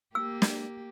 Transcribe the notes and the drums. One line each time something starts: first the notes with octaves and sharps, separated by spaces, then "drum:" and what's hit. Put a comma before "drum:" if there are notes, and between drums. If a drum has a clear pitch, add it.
A#3 G4 E6
drum: snare